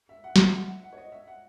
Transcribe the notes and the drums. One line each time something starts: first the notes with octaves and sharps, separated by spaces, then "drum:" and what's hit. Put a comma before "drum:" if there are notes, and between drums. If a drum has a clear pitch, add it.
E5
F#5
drum: snare
F#5
F#5
F#5
C#5
D#5
E5
F#5